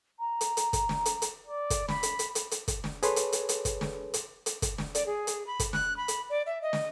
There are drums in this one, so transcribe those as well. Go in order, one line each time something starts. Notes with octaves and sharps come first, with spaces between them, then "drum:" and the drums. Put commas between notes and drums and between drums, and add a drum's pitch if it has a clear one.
A#5
drum: hi-hat
drum: hi-hat
drum: kick, hi-hat
drum: snare
drum: hi-hat
drum: hi-hat
D5
drum: kick, hi-hat
B5, drum: snare
drum: hi-hat
drum: hi-hat
drum: hi-hat
drum: hi-hat
drum: kick, hi-hat
drum: snare
G#4 A4 B4 C#5 C6, drum: hi-hat
drum: hi-hat
drum: hi-hat
drum: hi-hat
drum: kick, hi-hat
drum: snare
drum: hi-hat
drum: hi-hat
drum: kick, hi-hat
drum: snare
D5, drum: hi-hat
G#4
drum: hi-hat
B5
drum: kick, hi-hat
F#6, drum: snare
B5
drum: hi-hat
D5
E5
D#5
drum: snare